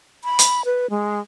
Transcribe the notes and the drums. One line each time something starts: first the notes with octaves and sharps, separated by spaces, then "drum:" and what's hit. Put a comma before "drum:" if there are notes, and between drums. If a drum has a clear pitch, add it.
B5
drum: hi-hat
B4
G#3